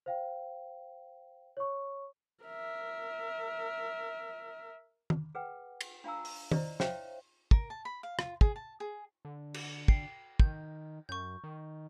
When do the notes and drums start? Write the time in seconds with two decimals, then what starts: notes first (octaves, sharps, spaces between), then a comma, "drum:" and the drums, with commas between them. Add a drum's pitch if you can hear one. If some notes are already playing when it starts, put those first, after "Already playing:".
0.06 C5 F5 G5
1.57 C#5 C#6
2.44 A#4 E5
5.10 drum: tom
5.35 G#4 B4 F#5 G5
5.81 drum: cymbal
6.04 D4 F4 F5 G#5 A#5 E6
6.25 drum: open hi-hat
6.52 E4 C5 D5 D#5, drum: tom
6.80 C5 C#5 E5 F5 G5, drum: snare
7.51 A#4, drum: kick
7.70 A5
7.85 B5
8.03 F5
8.19 F4, drum: rim click
8.41 G#4, drum: kick
8.56 A5
8.80 G#4
9.25 D3
9.54 drum: cymbal
9.88 G5 C7, drum: kick
10.40 D#3 G6, drum: kick
11.09 F#2 C#6 G6
11.44 D#3